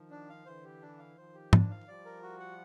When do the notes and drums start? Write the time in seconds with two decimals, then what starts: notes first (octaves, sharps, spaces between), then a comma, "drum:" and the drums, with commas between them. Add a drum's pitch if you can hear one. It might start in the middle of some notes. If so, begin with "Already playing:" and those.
Already playing: D#3 F3
0.10 D4
0.29 F5
0.46 D3 E3 C5
0.65 G4
0.82 D4
0.99 F5
1.16 D#3 F3 C5
1.34 G4
1.53 D4, drum: tom G#2
1.70 F5
1.87 F3 G3 D5
2.05 A#4
2.23 F#4
2.40 F#5